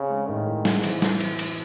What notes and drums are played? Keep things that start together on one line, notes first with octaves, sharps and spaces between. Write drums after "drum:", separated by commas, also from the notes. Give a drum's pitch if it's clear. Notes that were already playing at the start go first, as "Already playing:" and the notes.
Already playing: C#3 C4
G#3
A2 D#3
E4
G#2 C4, drum: snare
E3, drum: cymbal
drum: snare
drum: cymbal
drum: cymbal